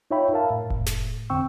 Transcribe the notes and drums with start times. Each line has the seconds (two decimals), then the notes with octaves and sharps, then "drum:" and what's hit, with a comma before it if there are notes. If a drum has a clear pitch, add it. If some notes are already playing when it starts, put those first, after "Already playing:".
0.11 D#4 F4 C#5 E5 G5 B5
0.33 A#4 E5 F5 A5
0.50 A2
0.70 drum: kick F1
0.86 drum: snare
1.30 E2 D3 C4 G5 C#6 E6